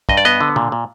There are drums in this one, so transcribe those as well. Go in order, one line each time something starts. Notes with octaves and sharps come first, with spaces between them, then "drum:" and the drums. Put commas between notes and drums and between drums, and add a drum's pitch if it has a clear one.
G2 D#5, drum: kick
D5
B3 D#5
D3
A#2, drum: tom
A#2